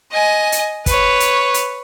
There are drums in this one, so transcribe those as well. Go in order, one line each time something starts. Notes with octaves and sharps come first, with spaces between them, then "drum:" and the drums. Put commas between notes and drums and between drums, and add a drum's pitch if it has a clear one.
D#5 G#5
drum: hi-hat
B4 C#5, drum: kick, hi-hat
drum: hi-hat
drum: hi-hat